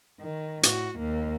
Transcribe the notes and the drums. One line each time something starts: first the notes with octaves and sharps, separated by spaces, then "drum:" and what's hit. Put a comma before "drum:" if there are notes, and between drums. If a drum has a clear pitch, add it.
D#3
A2 F#4, drum: hi-hat
D#2 A#3